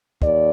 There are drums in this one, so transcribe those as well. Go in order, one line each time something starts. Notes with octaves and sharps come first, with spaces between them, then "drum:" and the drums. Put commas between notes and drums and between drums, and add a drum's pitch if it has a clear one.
D#2 D5, drum: kick